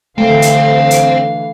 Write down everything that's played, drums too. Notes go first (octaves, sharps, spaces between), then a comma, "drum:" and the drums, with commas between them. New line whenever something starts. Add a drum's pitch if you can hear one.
D3 E3 A3 C4 F5
drum: hi-hat
drum: hi-hat